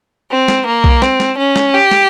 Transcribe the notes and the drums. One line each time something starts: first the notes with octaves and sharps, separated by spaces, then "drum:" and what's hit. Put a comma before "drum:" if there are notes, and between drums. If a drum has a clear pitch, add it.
C4
drum: snare
A#3
drum: kick B1
C4, drum: snare
drum: snare
C#4
drum: snare
G4
drum: snare